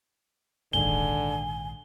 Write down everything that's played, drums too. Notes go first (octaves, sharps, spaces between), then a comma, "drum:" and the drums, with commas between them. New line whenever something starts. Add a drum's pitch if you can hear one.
A#1 G#2 D3 D#3 G#5 G7, drum: kick